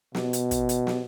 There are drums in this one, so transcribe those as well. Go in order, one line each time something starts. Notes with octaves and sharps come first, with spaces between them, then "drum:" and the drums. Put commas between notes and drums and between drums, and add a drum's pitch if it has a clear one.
B2, drum: snare
drum: hi-hat
drum: kick, hi-hat
drum: hi-hat
drum: snare